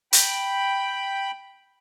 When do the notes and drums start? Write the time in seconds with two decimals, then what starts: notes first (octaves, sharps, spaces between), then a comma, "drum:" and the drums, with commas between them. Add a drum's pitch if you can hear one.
0.13 G5 B5, drum: hi-hat